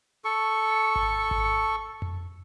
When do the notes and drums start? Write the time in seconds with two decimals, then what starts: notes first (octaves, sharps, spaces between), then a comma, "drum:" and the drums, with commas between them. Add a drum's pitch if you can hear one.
0.25 A4 C#6
0.96 drum: kick G#1
1.31 drum: kick G#1
2.02 drum: tom F2